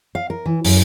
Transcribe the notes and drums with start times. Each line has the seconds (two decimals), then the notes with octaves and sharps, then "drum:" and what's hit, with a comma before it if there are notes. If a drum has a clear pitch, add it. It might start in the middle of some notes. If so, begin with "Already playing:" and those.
0.15 F5
0.30 A#4
0.46 E3
0.64 F#2, drum: open hi-hat